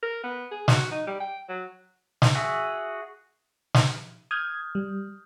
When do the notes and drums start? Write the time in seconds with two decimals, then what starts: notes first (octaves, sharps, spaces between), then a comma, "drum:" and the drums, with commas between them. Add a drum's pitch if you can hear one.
0.03 A#4
0.24 B3
0.51 G#4
0.68 F#4, drum: snare
0.92 D#4
1.07 G3
1.20 G5
1.49 F#3
2.22 drum: snare
2.35 F#4 G#4 E5
3.74 drum: snare
4.31 D#6 F6 G6 G#6
4.75 G3